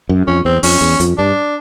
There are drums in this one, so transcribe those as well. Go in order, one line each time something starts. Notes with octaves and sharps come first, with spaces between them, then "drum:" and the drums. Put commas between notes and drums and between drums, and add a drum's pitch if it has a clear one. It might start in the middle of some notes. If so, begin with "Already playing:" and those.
F#2
F2 C#4
E2 C4
F2 C#4, drum: open hi-hat
E2
F2, drum: hi-hat
G2 D4